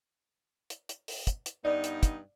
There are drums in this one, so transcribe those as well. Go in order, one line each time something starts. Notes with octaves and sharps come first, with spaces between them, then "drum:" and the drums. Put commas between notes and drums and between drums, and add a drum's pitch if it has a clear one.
drum: hi-hat
drum: hi-hat
drum: open hi-hat
drum: kick, hi-hat
drum: hi-hat
G2 B3 D#4 D5
drum: hi-hat
drum: kick, hi-hat